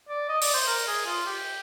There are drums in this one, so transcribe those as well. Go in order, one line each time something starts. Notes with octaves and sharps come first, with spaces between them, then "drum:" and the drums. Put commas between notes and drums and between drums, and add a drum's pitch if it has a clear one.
D5
D#5
D5, drum: open hi-hat
C5
A#4
G#4
F4
G4